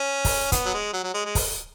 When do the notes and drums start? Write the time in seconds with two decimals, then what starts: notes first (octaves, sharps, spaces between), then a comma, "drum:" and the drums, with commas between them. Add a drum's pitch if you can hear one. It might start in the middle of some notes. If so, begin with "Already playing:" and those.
Already playing: C#4
0.25 drum: kick, open hi-hat
0.52 B3, drum: kick, hi-hat
0.66 F#3
0.74 G#3
0.93 F#3
1.03 F#3
1.14 G#3
1.25 G#3
1.35 drum: kick, open hi-hat